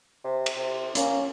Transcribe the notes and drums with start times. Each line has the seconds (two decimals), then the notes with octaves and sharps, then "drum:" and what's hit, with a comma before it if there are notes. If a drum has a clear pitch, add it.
0.24 C3
0.46 drum: cymbal
0.56 C3
0.95 A#3 C#4, drum: hi-hat